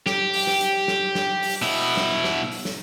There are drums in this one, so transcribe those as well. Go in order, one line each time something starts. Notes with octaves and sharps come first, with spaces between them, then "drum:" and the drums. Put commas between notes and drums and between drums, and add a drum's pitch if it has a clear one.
G4, drum: snare
drum: open hi-hat
drum: snare
drum: hi-hat
drum: snare
drum: snare
drum: open hi-hat
B2 E4
drum: snare
drum: snare
drum: open hi-hat
drum: snare